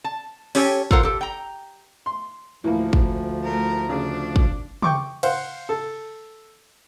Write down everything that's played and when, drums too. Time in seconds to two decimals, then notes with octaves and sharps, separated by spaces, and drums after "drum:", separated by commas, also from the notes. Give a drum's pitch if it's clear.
0.04 A5
0.55 C#4 G4 A4 C#5 G5 G#5, drum: open hi-hat
0.91 F4 A4 A#4 C5 F#5, drum: kick
1.03 G4 A4
1.21 G5 A#5
2.06 C6
2.64 D2 A2 E3 F3 A#3
2.93 drum: kick
3.43 A3 A#4
3.89 C#3 D4 G#4
4.36 drum: kick
4.82 G5 C#6 D6, drum: tom
5.23 C5 F5 F#5, drum: cymbal
5.69 A4